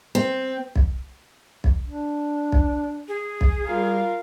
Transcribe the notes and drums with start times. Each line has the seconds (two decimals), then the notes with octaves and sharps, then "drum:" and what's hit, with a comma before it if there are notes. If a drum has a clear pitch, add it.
0.15 C4
0.76 drum: kick
1.64 drum: kick
1.86 D4
2.52 drum: kick
3.08 G#4
3.41 drum: kick
3.66 G3 F4 A#4 F5